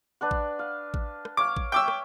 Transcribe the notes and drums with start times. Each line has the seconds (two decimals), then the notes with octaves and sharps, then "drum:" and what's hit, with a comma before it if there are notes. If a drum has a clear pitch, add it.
0.21 D4 B4 F#5
0.31 drum: kick A1
0.59 F5
0.94 drum: kick A1
1.25 drum: rim click
1.37 C#5 F5 D6
1.57 drum: kick A1
1.72 C#5 E5 G5 D6 E6
1.88 drum: rim click